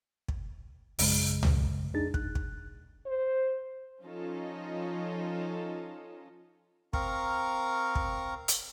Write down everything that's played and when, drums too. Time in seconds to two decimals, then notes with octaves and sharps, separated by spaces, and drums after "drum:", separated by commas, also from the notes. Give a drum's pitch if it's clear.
0.28 drum: kick
0.99 A#1 F#2 C#3 G#3, drum: open hi-hat
1.43 drum: tom C#2
1.94 F2 D4 D#4 G#4 A6
2.14 F#6, drum: kick
2.35 drum: kick
3.06 C5
4.03 F3 C#4 D#4 F4 A4 D#5
6.93 C4 A#4 F5 A#5 C#6, drum: kick
7.95 drum: kick
8.48 drum: hi-hat